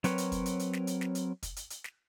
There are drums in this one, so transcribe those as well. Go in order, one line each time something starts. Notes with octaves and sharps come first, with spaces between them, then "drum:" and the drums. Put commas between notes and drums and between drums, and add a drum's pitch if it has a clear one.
F#3 C4 A#4 B4 C#5, drum: hi-hat
drum: hi-hat
drum: kick, hi-hat
drum: hi-hat
drum: hi-hat
drum: snare
drum: hi-hat
drum: snare
drum: hi-hat
drum: kick, hi-hat
drum: hi-hat
drum: hi-hat
drum: snare